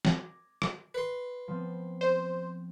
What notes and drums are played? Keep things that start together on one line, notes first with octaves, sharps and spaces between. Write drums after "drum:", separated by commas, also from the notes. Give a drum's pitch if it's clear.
D6 G#6 A#6, drum: snare
drum: rim click
B4 C6
F3 B3 C4
C5